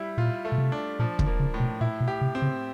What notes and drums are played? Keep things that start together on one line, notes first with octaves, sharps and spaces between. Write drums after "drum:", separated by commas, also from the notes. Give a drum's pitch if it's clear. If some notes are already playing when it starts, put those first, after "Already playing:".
Already playing: G3 E4
A#2 F4
A3
B2
C3
D4
A#2 F3
D3, drum: kick
A#3
C#3
A2
B2
A#2 E4
B2
G4
C3
C4
C#3